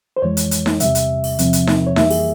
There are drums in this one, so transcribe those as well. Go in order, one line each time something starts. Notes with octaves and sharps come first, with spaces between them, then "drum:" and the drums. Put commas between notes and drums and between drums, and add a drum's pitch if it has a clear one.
C5
F2 E3 G#3 C#5
drum: hi-hat
drum: hi-hat
drum: snare D#4
E2 C3 G3 E5, drum: hi-hat
drum: hi-hat
drum: open hi-hat
E2 C3 F3 C4, drum: hi-hat
drum: hi-hat
drum: snare D#4
C#5
F2 E3 G3 A#3 E5, drum: snare D#4
G#4, drum: open hi-hat